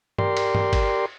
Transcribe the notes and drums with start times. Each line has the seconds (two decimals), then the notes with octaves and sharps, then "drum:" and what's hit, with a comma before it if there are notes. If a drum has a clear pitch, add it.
0.19 G4 A#4 D5 C6, drum: tom G2
0.37 drum: cymbal
0.55 drum: tom G2
0.73 drum: kick G1, cymbal